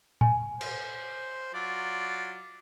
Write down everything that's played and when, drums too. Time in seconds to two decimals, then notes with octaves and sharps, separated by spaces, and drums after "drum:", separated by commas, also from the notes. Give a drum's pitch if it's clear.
0.21 G#5, drum: tom
0.61 C5, drum: cymbal
1.54 F#3 F4 D5